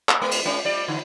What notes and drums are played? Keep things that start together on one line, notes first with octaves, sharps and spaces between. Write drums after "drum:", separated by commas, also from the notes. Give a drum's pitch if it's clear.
drum: clap
G#3 B3
drum: cymbal
G#3 C#4
G3 D5
D3